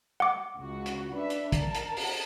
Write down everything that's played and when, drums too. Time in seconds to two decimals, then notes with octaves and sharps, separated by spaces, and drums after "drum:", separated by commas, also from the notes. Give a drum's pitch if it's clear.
0.20 F#5 D6
0.57 C#2 F#4
0.86 drum: hi-hat
1.13 D4 B4 E5
1.30 drum: hi-hat
1.52 A#4 A5, drum: kick, hi-hat
1.75 drum: hi-hat
1.97 drum: open hi-hat